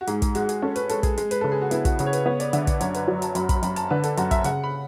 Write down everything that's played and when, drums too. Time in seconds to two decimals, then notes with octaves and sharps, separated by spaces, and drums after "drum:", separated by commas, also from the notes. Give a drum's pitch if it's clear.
0.01 F#4
0.07 G#2 G#4, drum: hi-hat
0.22 G#4, drum: kick, hi-hat
0.35 G#3 F#4, drum: hi-hat
0.49 G#4, drum: hi-hat
0.62 C#4 A4
0.76 B4, drum: hi-hat
0.89 G#3 A4, drum: hi-hat
1.03 G#4, drum: kick, hi-hat
1.17 G#3, drum: hi-hat
1.31 B4, drum: hi-hat
1.41 C#3 A4
1.52 G#4
1.61 F#4
1.71 B3 E4, drum: hi-hat
1.85 F#4, drum: kick, hi-hat
1.99 C#3 F#4, drum: hi-hat
2.06 C#5
2.13 B4, drum: hi-hat
2.26 B3 C#5
2.40 D5, drum: hi-hat
2.53 D3 E5, drum: hi-hat
2.67 F#5, drum: kick, hi-hat
2.81 F#2 C#5, drum: hi-hat
2.94 B4, drum: hi-hat
3.08 F#3 D5
3.22 A5, drum: hi-hat
3.35 F#2 B5, drum: hi-hat
3.49 B5, drum: kick, hi-hat
3.63 F#2 B5, drum: hi-hat
3.76 A5, drum: hi-hat
3.90 D3 B4
4.03 A4, drum: hi-hat
4.17 F#2 F#4, drum: hi-hat
4.31 E5, drum: kick, hi-hat
4.44 C#3 F#5, drum: hi-hat
4.64 B5